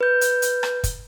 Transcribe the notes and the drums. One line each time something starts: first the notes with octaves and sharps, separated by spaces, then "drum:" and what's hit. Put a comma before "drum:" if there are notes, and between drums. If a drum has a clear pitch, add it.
B4 G6
drum: hi-hat
drum: hi-hat
drum: rim click
drum: kick, hi-hat